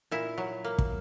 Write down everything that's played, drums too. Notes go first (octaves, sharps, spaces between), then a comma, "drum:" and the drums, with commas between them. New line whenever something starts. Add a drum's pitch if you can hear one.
A#2 E4
F#3
A#3
drum: kick